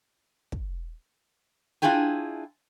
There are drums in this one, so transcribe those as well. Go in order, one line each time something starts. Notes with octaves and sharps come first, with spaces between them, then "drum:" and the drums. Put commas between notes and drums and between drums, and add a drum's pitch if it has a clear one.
drum: kick
D4 E4 F4 G#4 G5 G#5